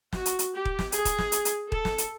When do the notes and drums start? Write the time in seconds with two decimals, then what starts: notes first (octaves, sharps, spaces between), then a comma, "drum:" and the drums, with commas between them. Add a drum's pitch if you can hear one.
0.13 F#4, drum: snare
0.26 drum: hi-hat
0.39 drum: hi-hat
0.52 G4
0.65 drum: kick D#1
0.79 drum: snare
0.92 G#4, drum: hi-hat
1.05 drum: kick D#1, hi-hat
1.19 drum: snare
1.32 drum: hi-hat
1.45 drum: hi-hat
1.72 A4, drum: kick D#1
1.85 drum: snare
1.98 drum: hi-hat